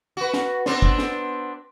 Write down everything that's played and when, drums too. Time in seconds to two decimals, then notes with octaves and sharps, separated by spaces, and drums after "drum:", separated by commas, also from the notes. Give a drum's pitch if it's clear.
0.17 F#4 B4
0.34 drum: snare
0.66 B3 C4 D4, drum: snare
0.82 drum: kick
0.99 drum: snare